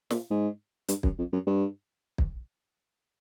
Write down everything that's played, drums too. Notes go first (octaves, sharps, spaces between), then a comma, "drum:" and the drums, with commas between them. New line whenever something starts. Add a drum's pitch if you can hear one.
A#2, drum: snare
G#2
G2, drum: hi-hat
F#2, drum: kick
F2
F#2
G2
drum: kick